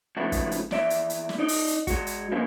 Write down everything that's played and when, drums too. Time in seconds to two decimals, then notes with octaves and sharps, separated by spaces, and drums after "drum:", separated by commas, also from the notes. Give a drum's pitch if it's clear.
0.17 G#2 C#3 F3 A3 B3 F#4
0.32 drum: kick, hi-hat
0.51 drum: hi-hat
0.71 E2 D5 E5, drum: snare
0.90 drum: hi-hat
1.10 drum: hi-hat
1.29 drum: snare
1.38 D#4 D5 D#5
1.48 drum: open hi-hat
1.68 drum: hi-hat
1.87 G#3 F#4, drum: kick, hi-hat
2.07 drum: hi-hat
2.32 F#2 F3 G#3 A#3 B3